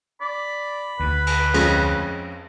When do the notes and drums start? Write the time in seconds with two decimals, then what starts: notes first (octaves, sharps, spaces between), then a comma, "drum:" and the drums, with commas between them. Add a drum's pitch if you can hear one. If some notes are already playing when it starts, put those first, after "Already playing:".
0.21 D5 B5
1.00 D2 B4
1.27 drum: cymbal
1.54 F2 G#3 C#4, drum: cymbal